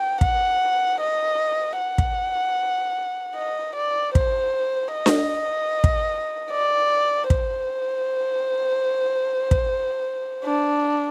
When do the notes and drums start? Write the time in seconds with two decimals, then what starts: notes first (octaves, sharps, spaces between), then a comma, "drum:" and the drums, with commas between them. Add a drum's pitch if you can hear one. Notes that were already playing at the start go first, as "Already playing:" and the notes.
Already playing: G5
0.21 F#5, drum: kick
1.00 D#5
1.79 F#5
1.98 drum: kick
3.36 D#5
3.76 D5
4.15 C5, drum: kick
4.93 D#5
5.06 drum: snare D4
5.84 drum: kick
6.51 D5
7.30 C5, drum: kick
9.51 drum: kick
10.45 D4